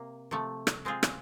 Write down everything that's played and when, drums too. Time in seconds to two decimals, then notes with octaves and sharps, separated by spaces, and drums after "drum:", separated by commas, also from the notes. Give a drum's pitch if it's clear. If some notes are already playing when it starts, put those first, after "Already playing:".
Already playing: C3 A#3
0.31 C3 F3 A3
0.67 drum: rim click
0.85 G#3 C4 F4 G#4
1.03 drum: rim click